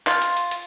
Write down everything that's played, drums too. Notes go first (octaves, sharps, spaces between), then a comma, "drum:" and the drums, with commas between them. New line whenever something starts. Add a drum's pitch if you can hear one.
F4, drum: clap
drum: hi-hat
drum: hi-hat
drum: hi-hat